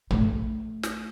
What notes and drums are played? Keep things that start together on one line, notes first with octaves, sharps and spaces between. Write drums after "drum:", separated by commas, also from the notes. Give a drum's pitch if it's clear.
A3, drum: tom A#1
drum: snare